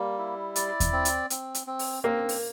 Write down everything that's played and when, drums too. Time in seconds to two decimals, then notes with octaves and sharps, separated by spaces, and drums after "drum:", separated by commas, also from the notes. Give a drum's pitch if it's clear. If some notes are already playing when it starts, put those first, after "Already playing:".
Already playing: G3 A#3
0.18 E4
0.56 D5, drum: hi-hat
0.80 drum: kick D#2, hi-hat
0.93 C4
1.05 drum: hi-hat
1.30 C4, drum: hi-hat
1.55 drum: hi-hat
1.67 C4
1.79 drum: open hi-hat
2.04 A#3 C4
2.29 drum: open hi-hat